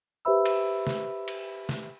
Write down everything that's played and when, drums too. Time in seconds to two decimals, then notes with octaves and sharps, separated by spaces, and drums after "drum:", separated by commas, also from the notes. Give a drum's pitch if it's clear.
0.25 G4 B4 C5 E5 B5 E6
0.45 drum: cymbal
0.87 drum: snare
1.28 drum: cymbal
1.69 drum: snare